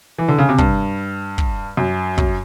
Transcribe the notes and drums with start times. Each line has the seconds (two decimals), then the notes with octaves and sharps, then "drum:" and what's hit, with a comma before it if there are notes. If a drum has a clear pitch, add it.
0.18 E3
0.28 D3
0.38 C#3
0.49 C3
0.58 G2, drum: kick
1.38 drum: kick
1.77 F#2
2.18 F#2, drum: kick